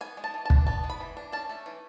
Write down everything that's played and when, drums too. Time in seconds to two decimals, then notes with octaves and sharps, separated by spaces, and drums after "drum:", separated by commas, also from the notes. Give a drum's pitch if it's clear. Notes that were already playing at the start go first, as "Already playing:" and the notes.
0.01 B3 G#5
0.17 G#3
0.24 A5
0.34 E3
0.45 A5
0.50 D4, drum: kick
0.67 B3 A5
0.84 G#3
0.90 B5
1.00 E3
1.17 D4
1.32 C#4 A5
1.49 A3
1.66 E3